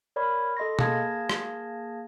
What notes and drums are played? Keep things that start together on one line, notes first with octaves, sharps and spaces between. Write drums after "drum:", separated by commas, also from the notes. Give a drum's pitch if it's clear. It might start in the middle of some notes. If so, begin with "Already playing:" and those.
A#4 C#5 D5 B5
A4 D#5 C6 A#6
A#3 G#4 F5 A5 G#6 A#6, drum: tom B2
drum: rim click